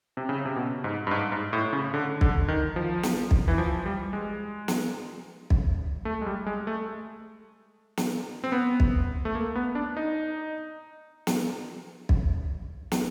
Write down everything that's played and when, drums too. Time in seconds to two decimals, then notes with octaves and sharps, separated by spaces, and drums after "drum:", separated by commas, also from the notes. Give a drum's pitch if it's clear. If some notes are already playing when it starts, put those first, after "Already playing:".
0.17 C3
0.29 C#3
0.45 C3
0.56 B2
0.84 G#2
1.07 G2
1.11 G#2
1.32 G#2
1.53 A2
1.73 C#3
1.94 D3
2.21 D3, drum: kick
2.48 D#3
2.76 F3
3.03 drum: snare
3.31 drum: kick
3.48 E3
3.58 F3
3.86 G3
4.13 G#3
4.68 drum: snare
5.50 drum: kick
6.05 A3
6.21 G#3
6.26 G3
6.46 G#3
6.67 A3
7.97 drum: snare
8.44 C4
8.52 B3
8.80 drum: kick
9.25 A3
9.35 A#3
9.55 B3
9.75 D4
9.97 D#4
11.27 drum: snare
12.09 drum: kick
12.92 drum: snare